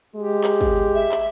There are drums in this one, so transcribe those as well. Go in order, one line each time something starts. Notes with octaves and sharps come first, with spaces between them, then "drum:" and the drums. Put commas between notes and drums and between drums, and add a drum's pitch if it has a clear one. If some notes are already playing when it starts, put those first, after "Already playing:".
G#3 G4
drum: clap
drum: kick
E5
drum: clap